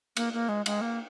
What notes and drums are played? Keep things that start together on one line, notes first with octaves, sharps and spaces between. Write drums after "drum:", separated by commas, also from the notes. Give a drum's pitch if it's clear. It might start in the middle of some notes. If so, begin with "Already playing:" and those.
A#3, drum: cymbal
A#3
G#3
G#3, drum: cymbal
A#3